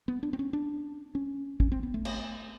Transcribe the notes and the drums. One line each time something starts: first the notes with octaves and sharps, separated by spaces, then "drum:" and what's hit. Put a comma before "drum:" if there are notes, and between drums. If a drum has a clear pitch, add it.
B3
D4
C4
C#4
D4
C#4
C#4, drum: kick
C4
B3
A3
drum: cymbal